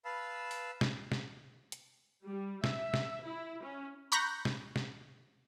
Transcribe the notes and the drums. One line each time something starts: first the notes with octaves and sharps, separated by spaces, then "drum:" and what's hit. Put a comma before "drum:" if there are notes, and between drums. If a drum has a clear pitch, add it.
B4 F5 A5 B5 E6
drum: open hi-hat
drum: snare
drum: snare
drum: hi-hat
G3
E5, drum: snare
drum: snare
E4
C#4
A#5 B5 C#6 F#6 G6 A#6
drum: snare
drum: snare